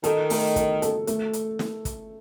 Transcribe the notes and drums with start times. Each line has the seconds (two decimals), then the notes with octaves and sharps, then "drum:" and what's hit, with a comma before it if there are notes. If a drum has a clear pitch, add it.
0.04 D#3 A4, drum: hi-hat
0.30 A3, drum: open hi-hat
0.56 A4, drum: kick, hi-hat
0.82 A4, drum: hi-hat
1.07 A3, drum: hi-hat
1.33 drum: hi-hat
1.59 drum: snare
1.85 drum: kick, hi-hat